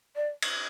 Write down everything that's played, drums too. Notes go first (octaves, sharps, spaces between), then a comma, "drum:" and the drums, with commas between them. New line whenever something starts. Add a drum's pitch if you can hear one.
D5
drum: cymbal